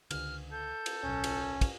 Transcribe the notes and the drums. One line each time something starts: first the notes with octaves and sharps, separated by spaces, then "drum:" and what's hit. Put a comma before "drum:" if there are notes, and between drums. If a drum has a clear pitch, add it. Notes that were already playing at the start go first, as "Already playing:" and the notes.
C#2 D3 F6, drum: cymbal
A4 G6
drum: cymbal
D1 B1 C#4
drum: cymbal
drum: kick, cymbal